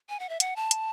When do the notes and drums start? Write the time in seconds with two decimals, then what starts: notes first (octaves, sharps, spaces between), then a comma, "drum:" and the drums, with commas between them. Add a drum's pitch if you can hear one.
0.09 G#5
0.20 F#5
0.29 E5
0.40 F#5, drum: hi-hat
0.56 A5
0.71 drum: hi-hat